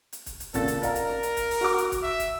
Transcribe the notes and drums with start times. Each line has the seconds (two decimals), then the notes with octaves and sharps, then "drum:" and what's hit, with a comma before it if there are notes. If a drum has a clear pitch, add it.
0.13 drum: hi-hat
0.26 drum: kick, hi-hat
0.40 drum: hi-hat
0.54 A#2 C#3 A4 A6, drum: kick, hi-hat
0.68 drum: hi-hat
0.83 A#4 D5 F5 A#5, drum: kick, hi-hat
0.95 drum: hi-hat
1.09 drum: snare
1.23 drum: hi-hat
1.37 drum: kick, hi-hat
1.51 drum: open hi-hat
1.61 F#4 F#5 D6
1.78 drum: hi-hat
1.92 drum: kick, hi-hat
2.03 E5
2.20 drum: kick, hi-hat